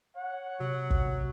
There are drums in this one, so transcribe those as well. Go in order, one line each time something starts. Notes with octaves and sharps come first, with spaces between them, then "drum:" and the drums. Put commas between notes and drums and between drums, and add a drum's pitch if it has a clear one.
C#5 F#5
C3 F#3
drum: kick